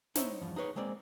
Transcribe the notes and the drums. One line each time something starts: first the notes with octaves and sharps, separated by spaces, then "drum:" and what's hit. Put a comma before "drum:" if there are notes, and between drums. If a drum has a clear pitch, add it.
D#4 E4 C5 C#5 D#5 E5, drum: snare
E2 G2 F3
D#4 G#4 B4 C#5
G#3 A#3 C4 D5